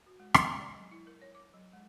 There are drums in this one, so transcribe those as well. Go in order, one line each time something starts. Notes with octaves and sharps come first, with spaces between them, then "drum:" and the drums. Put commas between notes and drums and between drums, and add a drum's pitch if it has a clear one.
F#4
G#3
G#5, drum: rim click
G#3
D5
F#3
E4
A#4
C#5
D6
F#3
G#3